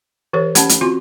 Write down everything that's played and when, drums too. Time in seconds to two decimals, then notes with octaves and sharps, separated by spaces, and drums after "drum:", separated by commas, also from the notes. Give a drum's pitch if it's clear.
0.33 E3 G4 A#4 C#5
0.55 C#4 G4 F#5 G5 A5 B5, drum: hi-hat
0.69 drum: hi-hat
0.81 C4 F4 F#4 C6